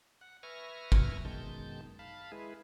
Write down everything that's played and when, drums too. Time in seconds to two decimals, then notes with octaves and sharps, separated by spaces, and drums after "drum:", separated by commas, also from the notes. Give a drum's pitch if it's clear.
0.21 F#5
0.43 B4 E5 G#5 C#6 F6 A#6
0.92 drum: kick G1
1.25 F#2 B2 D#3 G#3 A5 G6
1.99 F5 A5 B5
2.32 G#3 E4 G#4 B4